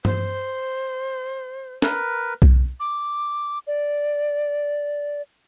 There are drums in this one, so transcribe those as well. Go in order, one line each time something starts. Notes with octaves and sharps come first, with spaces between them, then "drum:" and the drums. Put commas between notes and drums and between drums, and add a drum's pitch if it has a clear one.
C5, drum: tom G2
A#4 B4, drum: snare
drum: kick B1
D6
D5